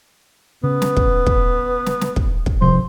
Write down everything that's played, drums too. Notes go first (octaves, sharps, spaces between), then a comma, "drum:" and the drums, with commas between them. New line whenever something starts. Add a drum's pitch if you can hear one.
C#3 B3
drum: snare
drum: kick
drum: kick
drum: snare
drum: snare
drum: kick
drum: kick
G#1 C3 F3 C5